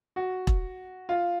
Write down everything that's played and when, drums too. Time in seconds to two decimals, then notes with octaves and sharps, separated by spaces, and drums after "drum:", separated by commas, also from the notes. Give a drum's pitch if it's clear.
0.16 F#4
0.47 drum: kick E1
1.09 F4